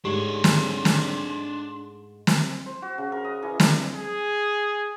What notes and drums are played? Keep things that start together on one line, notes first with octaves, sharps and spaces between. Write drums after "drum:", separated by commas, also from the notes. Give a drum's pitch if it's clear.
G#2 G#3 A3 D4 G4 C#5 C6
drum: snare
drum: snare
drum: snare
C5
F#4
C#3
A#4
D#5
E3
D4, drum: snare
G#4